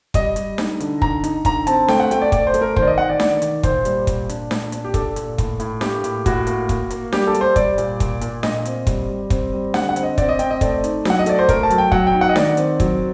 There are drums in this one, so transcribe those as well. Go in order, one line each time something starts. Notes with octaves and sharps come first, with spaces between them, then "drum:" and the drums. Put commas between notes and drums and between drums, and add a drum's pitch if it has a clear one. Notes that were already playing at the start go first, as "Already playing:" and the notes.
G3 D#5, drum: kick, hi-hat
G3, drum: hi-hat
D#4, drum: snare D4
D3, drum: hi-hat
D#4 A#5, drum: kick
D#4, drum: hi-hat
D3 A#5, drum: kick, hi-hat
C4 A5, drum: hi-hat
A3 G5, drum: snare D4
F#5
A3 G5, drum: hi-hat
D5
A3 D5, drum: kick, hi-hat
C5
A3, drum: hi-hat
A#4
D#3 C5, drum: kick
D5
D#5
D#3 F#5
D5
D#3 D5, drum: snare D4
D#3, drum: hi-hat
A#2 C5, drum: kick, hi-hat
G3, drum: hi-hat
A#2, drum: kick, hi-hat
D4, drum: hi-hat
A#2, drum: snare D4
D4, drum: hi-hat
G4
D4 A4, drum: kick, hi-hat
A#2, drum: hi-hat
A2, drum: kick, hi-hat
A2, drum: hi-hat
A#3 G4, drum: snare D4
A2, drum: hi-hat
A2 F#4, drum: kick, hi-hat
A#3, drum: hi-hat
A#3, drum: kick, hi-hat
A#3, drum: hi-hat
G3 G4, drum: snare D4
A4
G3, drum: hi-hat
C5
G3 D5, drum: kick, hi-hat
A#2, drum: hi-hat
A#2, drum: kick, hi-hat
A#2, drum: hi-hat
A#2 D#5, drum: snare D4
C4, drum: hi-hat
G3, drum: kick, hi-hat
G3
C4, drum: kick, hi-hat
G3
D3 F#5, drum: snare D4
F#5
C4, drum: hi-hat
D#5
C4 D5, drum: kick, hi-hat
D#5
C4 G5, drum: hi-hat
D#5
A3 D5, drum: kick, hi-hat
D#4, drum: hi-hat
F#3 F#5, drum: snare D4
D#5
A3 D5, drum: hi-hat
C5
A3 A#4, drum: kick, hi-hat
A5
F#3, drum: hi-hat
G5
F#3 F#5, drum: kick
G5
D#4
F#5
D#5
D#3 D5, drum: snare D4
C4, drum: hi-hat
F#3, drum: kick, hi-hat